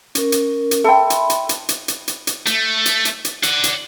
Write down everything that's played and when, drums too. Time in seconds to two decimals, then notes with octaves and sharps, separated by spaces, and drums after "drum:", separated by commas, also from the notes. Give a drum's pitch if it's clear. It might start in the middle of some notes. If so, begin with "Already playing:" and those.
0.15 C#4 A#4, drum: hi-hat
0.32 drum: hi-hat
0.71 drum: hi-hat
0.84 A4 E5 G5 B5 C6
1.10 drum: hi-hat
1.30 drum: hi-hat
1.49 drum: hi-hat
1.69 drum: hi-hat
1.88 drum: hi-hat
2.08 drum: hi-hat
2.27 drum: hi-hat
2.47 A3, drum: hi-hat
2.86 drum: hi-hat
3.05 drum: hi-hat
3.25 drum: hi-hat
3.43 D5 F#5, drum: hi-hat
3.64 drum: hi-hat